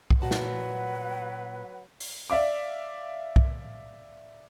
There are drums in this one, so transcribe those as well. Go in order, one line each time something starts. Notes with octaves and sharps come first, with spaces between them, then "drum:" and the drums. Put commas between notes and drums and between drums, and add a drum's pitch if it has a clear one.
drum: kick
A#2 F#3 F#4 B4 F#5 A5
drum: snare
drum: open hi-hat
D5 E5 F5 D6
drum: kick